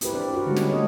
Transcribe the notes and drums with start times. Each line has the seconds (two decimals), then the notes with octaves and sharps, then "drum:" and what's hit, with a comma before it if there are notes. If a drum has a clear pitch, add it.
0.01 C4 E4 G4 A#4 B4, drum: hi-hat
0.13 C4 D4 B4 D5
0.33 F#4 G4 A#4 B4
0.46 D3 G3 G#3 C#4
0.56 drum: snare
0.70 G3 A3 B3 A4 C#5 D#5